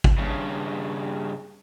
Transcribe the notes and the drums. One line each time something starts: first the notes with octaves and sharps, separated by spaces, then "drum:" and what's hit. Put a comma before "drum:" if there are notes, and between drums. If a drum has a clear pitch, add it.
drum: kick
G2 C#3